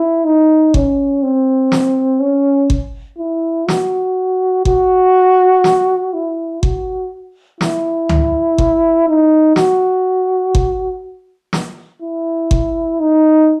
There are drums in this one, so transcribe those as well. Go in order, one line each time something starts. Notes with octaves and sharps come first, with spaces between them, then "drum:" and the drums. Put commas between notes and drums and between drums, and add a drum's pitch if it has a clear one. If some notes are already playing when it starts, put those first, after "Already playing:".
Already playing: E4
D#4
C#4, drum: kick G1
C4
drum: snare
C#4
drum: kick G1
E4
F#4, drum: snare
F#4, drum: kick G1
drum: snare
E4
F#4, drum: kick G1
E4, drum: snare
drum: tom C#2
drum: kick G1
D#4
F#4, drum: snare
drum: kick G1
drum: snare
E4
drum: kick G1
D#4